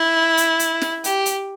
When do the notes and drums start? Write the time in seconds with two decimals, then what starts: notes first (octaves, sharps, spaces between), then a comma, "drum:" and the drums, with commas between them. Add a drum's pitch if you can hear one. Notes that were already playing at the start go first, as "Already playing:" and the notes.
Already playing: E4
0.37 drum: hi-hat
0.59 drum: hi-hat
0.81 drum: snare
1.04 G4, drum: hi-hat
1.26 drum: hi-hat